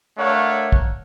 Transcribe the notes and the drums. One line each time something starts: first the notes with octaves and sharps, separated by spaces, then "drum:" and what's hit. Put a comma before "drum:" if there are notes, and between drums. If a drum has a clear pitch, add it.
A3 D4 A#4 C#5 F5 F#5
drum: kick